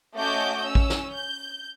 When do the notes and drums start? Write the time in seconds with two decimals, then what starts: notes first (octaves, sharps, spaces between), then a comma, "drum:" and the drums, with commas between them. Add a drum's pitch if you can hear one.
0.16 A3 C#4 F#4 D#5 D6 G6
0.64 C#4 E6
0.75 drum: kick A1
0.90 drum: snare
1.14 G6